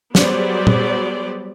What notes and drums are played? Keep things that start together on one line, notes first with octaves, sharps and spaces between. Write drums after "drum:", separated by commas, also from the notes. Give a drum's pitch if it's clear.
F#3 G3 B3 G#4 C5 D5, drum: snare
drum: tom